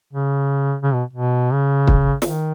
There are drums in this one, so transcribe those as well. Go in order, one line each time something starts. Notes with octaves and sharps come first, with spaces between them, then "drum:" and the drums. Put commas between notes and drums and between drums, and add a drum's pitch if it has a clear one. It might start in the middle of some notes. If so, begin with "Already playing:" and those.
C#3
C#3
B2
B2
C#3
drum: kick
D#3, drum: snare